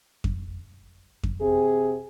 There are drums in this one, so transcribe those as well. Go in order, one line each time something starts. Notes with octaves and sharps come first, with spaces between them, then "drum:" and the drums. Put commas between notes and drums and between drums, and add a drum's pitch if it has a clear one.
drum: kick F2
drum: kick F2
C3 C4 G#4